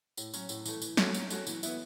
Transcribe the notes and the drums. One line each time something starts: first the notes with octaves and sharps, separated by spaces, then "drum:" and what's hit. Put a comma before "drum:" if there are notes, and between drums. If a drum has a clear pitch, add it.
A2, drum: tambourine
F#3 C#4, drum: tambourine
A2, drum: tambourine
E3 A3, drum: tambourine
E3, drum: tambourine
A3 C#4 F#4, drum: snare
F#3, drum: tambourine
A3 C#4 F#4, drum: tambourine
E3, drum: tambourine
B3 E4, drum: tambourine